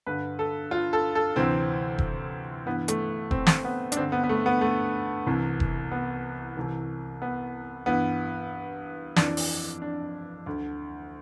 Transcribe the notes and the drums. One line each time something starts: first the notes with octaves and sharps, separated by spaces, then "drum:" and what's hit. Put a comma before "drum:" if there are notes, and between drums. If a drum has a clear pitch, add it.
G2 D3 B4
A4
F4
A4
A4
D2 C3 E3 C4
drum: kick F1
G2 E3 B3
A3, drum: hi-hat
C4, drum: kick F1
drum: snare
B3
D4, drum: hi-hat
G2 D3 C4
B3
B3
A3
B3
A3
C2 C3 E3
drum: kick F1
B3
C2 C3 E3
B3
G2 E3 B3
F2 E3 D4, drum: snare
drum: open hi-hat
D4
D2 D3